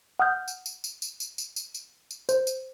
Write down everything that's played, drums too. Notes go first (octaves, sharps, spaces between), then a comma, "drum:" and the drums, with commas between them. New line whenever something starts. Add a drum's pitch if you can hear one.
F#5 D#6 F6 G6
drum: tambourine
drum: tambourine
drum: tambourine
drum: tambourine
drum: tambourine
drum: tambourine
drum: tambourine
drum: tambourine
drum: tambourine
C5, drum: tambourine
drum: tambourine